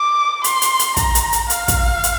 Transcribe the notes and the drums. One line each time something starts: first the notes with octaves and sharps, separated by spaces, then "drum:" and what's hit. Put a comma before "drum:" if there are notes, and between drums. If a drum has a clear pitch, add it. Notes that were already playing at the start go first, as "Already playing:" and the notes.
Already playing: D6
C6, drum: hi-hat
drum: hi-hat
drum: hi-hat
A#5, drum: kick, hi-hat
drum: hi-hat
drum: hi-hat
F5, drum: hi-hat
drum: kick, hi-hat
drum: hi-hat